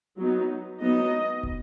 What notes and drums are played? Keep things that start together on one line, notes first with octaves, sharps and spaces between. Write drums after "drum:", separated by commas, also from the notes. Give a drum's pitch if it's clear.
F#3 B3 D#4
F#3 B3 D#4 D#5
drum: kick